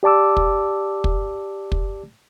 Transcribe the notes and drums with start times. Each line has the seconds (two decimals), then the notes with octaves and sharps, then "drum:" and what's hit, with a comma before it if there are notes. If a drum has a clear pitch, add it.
0.03 G4 D5 A5 D6 E6
0.37 drum: kick
1.04 drum: kick
1.72 drum: kick